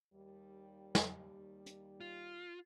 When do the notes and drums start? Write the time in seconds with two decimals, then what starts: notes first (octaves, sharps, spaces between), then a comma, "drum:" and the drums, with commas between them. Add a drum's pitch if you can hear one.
0.14 D#2 G3
0.95 drum: snare
1.66 drum: hi-hat
2.01 F4